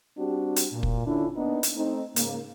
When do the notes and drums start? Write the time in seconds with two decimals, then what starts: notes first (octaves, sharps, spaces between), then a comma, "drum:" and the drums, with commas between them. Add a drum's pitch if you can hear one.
0.18 G3 C4 D4 F#4 G4
0.56 drum: hi-hat
0.73 A#2
0.83 drum: kick
1.06 D3 C#4 D4 E4 F4
1.36 A#3 B3 D4 D#4
1.63 drum: hi-hat
1.77 A3 C4 D#4
2.16 G#2 C#3 A#3, drum: hi-hat